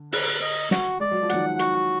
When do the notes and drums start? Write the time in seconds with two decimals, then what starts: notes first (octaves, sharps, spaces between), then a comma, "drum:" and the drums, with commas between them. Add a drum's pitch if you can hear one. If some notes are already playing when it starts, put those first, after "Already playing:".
Already playing: D3
0.12 B4, drum: open hi-hat
0.42 D#5
0.71 F#4, drum: snare
1.00 G#3 D5
1.11 F#3
1.23 F3
1.29 D#3 F#3 F#5, drum: hi-hat
1.59 F#4, drum: hi-hat